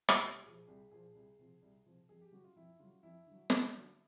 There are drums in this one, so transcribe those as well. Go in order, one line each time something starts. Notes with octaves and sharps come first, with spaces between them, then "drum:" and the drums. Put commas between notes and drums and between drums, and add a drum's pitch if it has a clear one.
drum: rim click
C2 G4
A#2 F3 G#4
C2 G#4
A#2 F3 G#4
C2
C3 F3
C2
C3 F3
F2 G#4
G4
C#3 F#3 F#4
F4
F2 E4
C#3 F#3 F4
F2 E4
D3 F#3
F2, drum: snare
D3 F#3